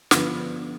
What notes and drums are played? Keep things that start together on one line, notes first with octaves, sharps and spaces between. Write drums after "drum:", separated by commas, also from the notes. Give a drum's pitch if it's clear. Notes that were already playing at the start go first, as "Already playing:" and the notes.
G2 D3 F3 B3, drum: snare